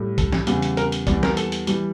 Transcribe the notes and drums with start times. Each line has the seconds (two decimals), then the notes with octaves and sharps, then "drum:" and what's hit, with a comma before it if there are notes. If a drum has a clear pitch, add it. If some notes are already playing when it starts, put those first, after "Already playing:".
Already playing: A2 G3
0.18 A4, drum: kick C2, hi-hat
0.33 drum: snare
0.47 E2 C#3 G3, drum: hi-hat
0.62 drum: hi-hat
0.77 A#4, drum: hi-hat
0.92 drum: hi-hat
1.07 E2 E3 G3 D5, drum: kick C2, hi-hat
1.23 A#4, drum: snare
1.37 A4, drum: hi-hat
1.52 drum: hi-hat
1.67 E3 G3, drum: hi-hat